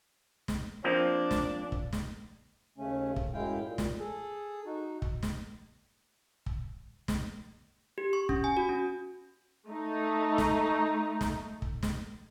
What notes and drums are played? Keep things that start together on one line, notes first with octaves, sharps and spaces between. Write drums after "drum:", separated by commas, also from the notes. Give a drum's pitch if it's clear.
drum: snare
F3 A#3 C4 D4
drum: snare
drum: kick
drum: snare
D#2 C#3 A3 C#4
drum: kick
F#2 A2 G#3 E4 F5 G5
A#2
drum: snare
G#4 A4
D#4 F#4
drum: kick
drum: snare
drum: kick
drum: snare
G4
C#6
C#4, drum: kick
G#5
F#4
C#4
A3 D#4
drum: snare
drum: snare
drum: kick
drum: snare